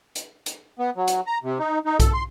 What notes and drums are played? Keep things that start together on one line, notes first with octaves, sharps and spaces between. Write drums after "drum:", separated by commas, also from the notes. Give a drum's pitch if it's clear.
drum: hi-hat
drum: hi-hat
B3
F#3
drum: hi-hat
A#5
C3
D#4
D#4
A4, drum: kick B1, hi-hat
C6